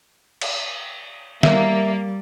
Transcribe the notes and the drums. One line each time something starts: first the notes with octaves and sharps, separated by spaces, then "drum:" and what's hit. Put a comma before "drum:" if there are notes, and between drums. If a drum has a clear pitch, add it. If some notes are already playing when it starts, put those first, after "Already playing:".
drum: cymbal
G3 A#3 E5, drum: snare